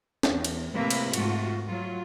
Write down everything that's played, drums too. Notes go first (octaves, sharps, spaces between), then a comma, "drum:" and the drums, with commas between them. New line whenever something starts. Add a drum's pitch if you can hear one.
E2, drum: snare
drum: cymbal
A2 C3 A#3 B4 E5
drum: cymbal
G#2 A3 F4 F#4, drum: cymbal
F#3 F4